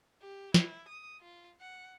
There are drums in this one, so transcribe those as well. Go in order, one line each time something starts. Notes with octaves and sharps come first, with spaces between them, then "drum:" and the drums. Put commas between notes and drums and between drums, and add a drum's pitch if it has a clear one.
G4
E4, drum: snare
D#6
F4
F#5